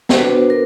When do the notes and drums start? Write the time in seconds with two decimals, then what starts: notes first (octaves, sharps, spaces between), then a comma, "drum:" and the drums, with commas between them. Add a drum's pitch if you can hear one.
0.09 C5, drum: snare
0.17 B3 D4 F#4 B4
0.50 A#4